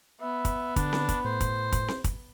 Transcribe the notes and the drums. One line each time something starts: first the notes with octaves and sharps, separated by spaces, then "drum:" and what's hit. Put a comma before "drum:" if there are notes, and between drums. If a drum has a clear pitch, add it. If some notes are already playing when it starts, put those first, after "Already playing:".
B3 E5
drum: kick, hi-hat
D3 D4, drum: kick, hi-hat
drum: snare C4
drum: kick, hi-hat
A2 C5
drum: kick, hi-hat
drum: kick, hi-hat
drum: snare C4
drum: kick, hi-hat